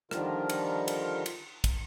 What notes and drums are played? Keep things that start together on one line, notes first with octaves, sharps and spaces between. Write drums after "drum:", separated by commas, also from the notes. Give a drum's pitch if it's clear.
D3 D#3 F3 G3 F4 A#4, drum: rim click
drum: cymbal
drum: cymbal
drum: cymbal
drum: kick, cymbal